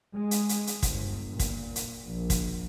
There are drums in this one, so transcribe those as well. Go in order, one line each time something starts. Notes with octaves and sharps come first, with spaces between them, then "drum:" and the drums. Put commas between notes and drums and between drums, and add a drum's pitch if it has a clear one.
G#3
drum: hi-hat
drum: hi-hat
drum: hi-hat
G1, drum: kick, hi-hat
A#2
drum: kick, hi-hat
drum: hi-hat
A#1
drum: kick, hi-hat